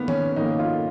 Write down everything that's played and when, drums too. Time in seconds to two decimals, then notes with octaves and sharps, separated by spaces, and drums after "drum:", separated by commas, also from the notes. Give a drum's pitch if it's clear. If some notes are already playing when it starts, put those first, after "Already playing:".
Already playing: D#3 A#3 B3
0.08 C#4, drum: tom D#3
0.36 D#3 A#3 D#4
0.59 F4